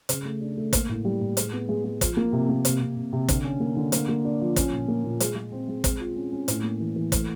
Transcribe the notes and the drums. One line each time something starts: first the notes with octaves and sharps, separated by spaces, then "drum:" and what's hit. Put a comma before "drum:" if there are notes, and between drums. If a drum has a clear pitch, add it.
C#3, drum: hi-hat
A3
D4
A3
A#3, drum: kick, hi-hat
A2
G3
A2
G#3, drum: hi-hat
B3
G#3
G#3
F3, drum: kick, hi-hat
A#3
C3
A#3
C3, drum: hi-hat
C3
C3
C3
D3, drum: kick, hi-hat
C#4
A#3
D3
A#3, drum: hi-hat
A#3
D4
F3
C#4, drum: kick, hi-hat
A#2
A#3
A#2
G#3, drum: hi-hat
G#3
C4
G#3
G#3, drum: kick, hi-hat
F4
C#4
C#4
A2, drum: hi-hat
A#3
E3
E3
A3, drum: kick, hi-hat